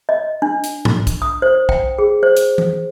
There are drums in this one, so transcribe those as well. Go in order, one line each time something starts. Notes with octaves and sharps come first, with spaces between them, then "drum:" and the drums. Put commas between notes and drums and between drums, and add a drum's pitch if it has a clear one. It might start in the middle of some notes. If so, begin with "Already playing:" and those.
D#5
D4
drum: hi-hat
drum: tom G#2
drum: kick, hi-hat
D#6
C5
G5, drum: kick
G#4
C5
drum: hi-hat
drum: tom E3